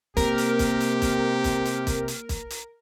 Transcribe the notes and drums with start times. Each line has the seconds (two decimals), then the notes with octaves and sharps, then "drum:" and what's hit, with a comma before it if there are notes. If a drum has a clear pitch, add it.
0.17 C3 A#3 G4 A#4, drum: kick, hi-hat
0.38 drum: hi-hat
0.59 drum: kick, hi-hat
0.80 drum: hi-hat
1.02 drum: kick, hi-hat
1.44 drum: kick, hi-hat
1.65 drum: hi-hat
1.87 drum: kick, hi-hat
2.08 drum: hi-hat
2.29 drum: kick, hi-hat
2.50 drum: hi-hat